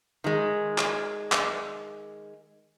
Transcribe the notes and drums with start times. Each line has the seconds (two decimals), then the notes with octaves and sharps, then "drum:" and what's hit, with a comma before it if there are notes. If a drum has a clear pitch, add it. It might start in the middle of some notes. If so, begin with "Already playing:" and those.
0.24 D#3 G#3
0.78 drum: clap
1.32 drum: clap